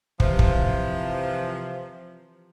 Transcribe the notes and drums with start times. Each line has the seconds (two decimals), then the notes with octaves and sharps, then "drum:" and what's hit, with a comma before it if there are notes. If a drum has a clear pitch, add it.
0.20 C3 E3 F3, drum: kick
0.39 drum: kick